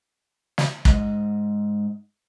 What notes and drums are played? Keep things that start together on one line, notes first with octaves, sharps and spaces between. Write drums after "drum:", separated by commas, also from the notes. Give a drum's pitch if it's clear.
drum: snare
G#2 D#5, drum: kick